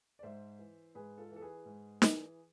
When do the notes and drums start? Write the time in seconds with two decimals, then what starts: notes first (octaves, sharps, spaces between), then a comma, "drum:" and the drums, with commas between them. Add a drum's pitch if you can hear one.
0.19 D5
0.23 G#2 C5 E5
0.59 E3
0.95 G#2 G#4 B4
1.18 F4 A4
1.31 E3
1.36 A4
1.42 G#4 B4
1.65 G#2
2.02 E3, drum: snare